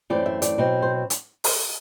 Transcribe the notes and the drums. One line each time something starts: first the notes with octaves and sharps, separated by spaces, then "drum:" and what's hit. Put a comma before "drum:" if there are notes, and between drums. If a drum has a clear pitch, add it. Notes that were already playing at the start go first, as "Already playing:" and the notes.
F#2 E3 A3 C4 D5
E5
D5, drum: hi-hat
B2 F#3 C4
C5
drum: hi-hat
drum: open hi-hat